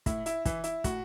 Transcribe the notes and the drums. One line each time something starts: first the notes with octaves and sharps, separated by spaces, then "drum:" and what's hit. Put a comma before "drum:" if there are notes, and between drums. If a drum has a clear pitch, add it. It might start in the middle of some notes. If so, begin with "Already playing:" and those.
A2 E4, drum: kick, hi-hat
E4, drum: hi-hat
E3 E4, drum: kick, hi-hat
E4, drum: hi-hat
A2 F#4, drum: kick, hi-hat